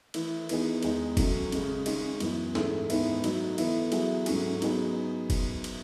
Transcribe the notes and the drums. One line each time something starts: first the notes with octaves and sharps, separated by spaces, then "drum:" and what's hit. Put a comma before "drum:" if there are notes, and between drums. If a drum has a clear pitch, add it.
E3 A3 E4 A4, drum: cymbal
E3 B3 D#4 G#4, drum: cymbal
E2 D#3 G#3 D#4 G#4, drum: cymbal
F#3 A3 C#4, drum: kick F#1, cymbal
C#3 G#3 C#4, drum: cymbal
D#3 G#3 C#4 G#4, drum: cymbal
F#2 E3 B3, drum: cymbal
G#2 E3 A3 C#4 G#4, drum: snare
G#2 D#3 G#3 B3 E4, drum: cymbal
F#3 A3 D#4 F#4 A4, drum: cymbal
E3 B3 E4 A4, drum: cymbal
F#3 B3 E4 G#4, drum: cymbal
G#2 F#3 A3 C#4 G#4, drum: cymbal
F#3 B3 D#4 G#4, drum: cymbal
drum: kick F#1, cymbal
drum: cymbal